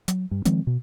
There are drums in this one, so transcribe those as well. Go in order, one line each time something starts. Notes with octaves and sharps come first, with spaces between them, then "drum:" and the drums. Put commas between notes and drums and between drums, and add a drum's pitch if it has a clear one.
F#3, drum: hi-hat
G2
D#3 F3 G#3 C4, drum: hi-hat
B2